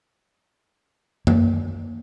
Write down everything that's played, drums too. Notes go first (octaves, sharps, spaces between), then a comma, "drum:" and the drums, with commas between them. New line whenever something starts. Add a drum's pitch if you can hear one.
A#3, drum: tom F#2